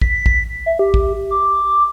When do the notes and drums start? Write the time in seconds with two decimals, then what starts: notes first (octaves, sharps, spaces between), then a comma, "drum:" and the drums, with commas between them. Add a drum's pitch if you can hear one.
0.01 B6, drum: kick
0.26 drum: kick
0.66 E5
0.79 G4
0.94 drum: kick
1.31 D6